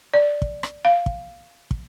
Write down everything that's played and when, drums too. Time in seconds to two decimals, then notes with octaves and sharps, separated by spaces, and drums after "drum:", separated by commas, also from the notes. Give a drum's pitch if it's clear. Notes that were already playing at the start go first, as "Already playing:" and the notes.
0.14 D5
0.42 drum: kick
0.63 drum: rim click
0.85 F5
1.06 drum: kick
1.71 drum: kick